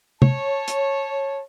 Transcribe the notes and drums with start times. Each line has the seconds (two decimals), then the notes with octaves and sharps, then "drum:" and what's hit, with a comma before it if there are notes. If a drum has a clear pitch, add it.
0.22 C#5 A5, drum: tom
0.68 drum: hi-hat